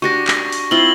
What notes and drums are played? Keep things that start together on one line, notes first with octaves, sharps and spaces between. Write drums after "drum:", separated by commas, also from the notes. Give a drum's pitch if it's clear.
D4 F#4 G4 C#6 A#6
drum: clap
drum: open hi-hat
C4 E4 F4 F#7 G7